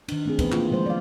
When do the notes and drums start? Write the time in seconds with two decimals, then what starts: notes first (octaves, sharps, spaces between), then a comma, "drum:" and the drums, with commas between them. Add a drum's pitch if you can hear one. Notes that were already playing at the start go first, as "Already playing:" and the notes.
0.08 D#3 D4, drum: cymbal
0.26 A3 C4 G#4
0.39 E3 A3 B3 B4, drum: kick, cymbal
0.52 A3 A#3 E4 F4, drum: clap
0.71 C#3 F3 G#3 C5
0.86 D5 F5